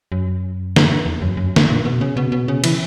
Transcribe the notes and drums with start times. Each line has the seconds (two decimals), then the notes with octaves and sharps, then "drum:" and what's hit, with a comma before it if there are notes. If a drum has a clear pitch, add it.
0.12 F#2
0.76 drum: snare
1.06 E2
1.22 F#2
1.37 F#2
1.56 drum: snare
1.69 A#2
1.85 B2
2.01 C#3
2.17 B2
2.32 B2
2.48 C#3
2.64 E3, drum: cymbal